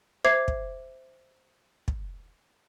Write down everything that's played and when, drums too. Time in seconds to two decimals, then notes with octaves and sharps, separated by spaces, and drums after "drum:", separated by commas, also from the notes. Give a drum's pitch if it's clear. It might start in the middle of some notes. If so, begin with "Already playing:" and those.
0.25 C5 E5 D6 G#6 C7
0.48 drum: kick
1.88 drum: kick